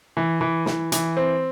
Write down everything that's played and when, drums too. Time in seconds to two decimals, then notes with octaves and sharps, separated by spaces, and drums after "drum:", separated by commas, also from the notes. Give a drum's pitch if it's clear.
0.17 E3
0.41 E3
0.66 E3, drum: snare
0.92 E3, drum: hi-hat
1.17 C4